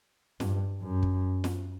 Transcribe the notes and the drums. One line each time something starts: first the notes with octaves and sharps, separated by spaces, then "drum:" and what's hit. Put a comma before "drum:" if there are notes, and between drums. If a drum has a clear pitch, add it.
G2, drum: snare
F#2
drum: kick
drum: snare